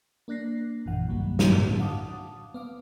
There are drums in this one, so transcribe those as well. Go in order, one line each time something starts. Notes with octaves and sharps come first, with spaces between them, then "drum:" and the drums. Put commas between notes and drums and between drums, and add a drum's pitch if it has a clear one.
A#3 D4 F#6 A#6 C7
A1 F#2 A#2 E3 F#5
C2 G2 D#3 F#3 G3 A#3
drum: snare
G2 D3 D4 F#4, drum: tom A2
F5 F#5 A5 D6 D#6
B3 F5 D6